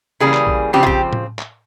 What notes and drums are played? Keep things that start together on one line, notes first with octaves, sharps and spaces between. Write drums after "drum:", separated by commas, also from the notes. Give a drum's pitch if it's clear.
C#3 E3 G3 A#3 G#4
drum: clap
drum: kick A#1
C#3 F3 C4 G4
F4
G4, drum: kick A#1
drum: tom A2
drum: clap